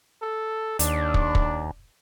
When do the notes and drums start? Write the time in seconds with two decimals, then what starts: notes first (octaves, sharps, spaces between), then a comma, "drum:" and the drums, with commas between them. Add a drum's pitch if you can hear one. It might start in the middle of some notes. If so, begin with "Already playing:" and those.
0.22 A4
0.79 D#2 D4, drum: hi-hat
1.14 drum: kick
1.35 drum: kick